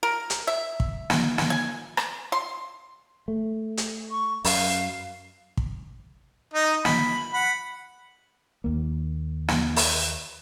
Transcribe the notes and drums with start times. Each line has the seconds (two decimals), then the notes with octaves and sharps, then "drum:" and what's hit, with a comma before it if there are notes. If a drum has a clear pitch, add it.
0.03 A#4
0.30 drum: hi-hat
0.47 E5
0.80 drum: kick
1.10 drum: snare
1.38 drum: snare
1.50 G#5
1.97 drum: rim click
2.32 C6
3.28 A3
3.77 drum: hi-hat
4.11 C#6
4.45 F#2 F5, drum: open hi-hat
5.57 drum: kick
6.54 D#4 D#5
6.85 B5, drum: snare
7.34 F#5 B5
8.64 D#2 A#3
9.48 drum: snare
9.76 drum: open hi-hat